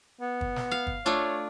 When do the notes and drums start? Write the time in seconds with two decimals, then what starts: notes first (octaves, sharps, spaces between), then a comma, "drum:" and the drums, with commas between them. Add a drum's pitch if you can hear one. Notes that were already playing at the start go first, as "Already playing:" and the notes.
0.21 B3
0.41 drum: kick
0.56 drum: snare
0.71 F5
0.87 drum: kick
1.06 A3 D4 F4 C#5